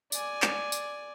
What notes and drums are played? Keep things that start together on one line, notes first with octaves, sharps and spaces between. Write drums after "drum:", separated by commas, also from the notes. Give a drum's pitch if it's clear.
D5 G#5, drum: tambourine
drum: clap
drum: tambourine